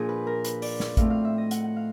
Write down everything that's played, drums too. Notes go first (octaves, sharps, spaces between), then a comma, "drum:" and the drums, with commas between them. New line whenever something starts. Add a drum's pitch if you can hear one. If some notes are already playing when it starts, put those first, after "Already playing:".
Already playing: A#2 F3 A#3 D4 G#4
B4
A#4
B4, drum: hi-hat
D5, drum: open hi-hat
drum: snare
A2 F3 A3 C4 F5, drum: kick A1, hi-hat
F5
E5
D#5
F#5, drum: hi-hat
F#5
F5